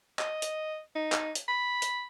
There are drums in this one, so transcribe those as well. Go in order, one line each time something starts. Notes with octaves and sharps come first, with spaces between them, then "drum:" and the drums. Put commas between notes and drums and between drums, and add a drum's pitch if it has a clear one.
D#5, drum: clap
drum: hi-hat
D#4
drum: clap
drum: hi-hat
B5
drum: hi-hat